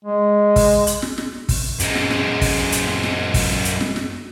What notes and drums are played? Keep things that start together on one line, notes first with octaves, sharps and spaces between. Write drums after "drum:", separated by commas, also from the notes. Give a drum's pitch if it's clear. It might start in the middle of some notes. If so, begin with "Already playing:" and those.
G#3
drum: kick, open hi-hat
drum: hi-hat
drum: snare
drum: snare
drum: kick, open hi-hat
F#2 G#3, drum: hi-hat
drum: snare
drum: snare
drum: kick, open hi-hat
drum: hi-hat
drum: snare
drum: snare
drum: kick, open hi-hat
drum: hi-hat
drum: snare
drum: snare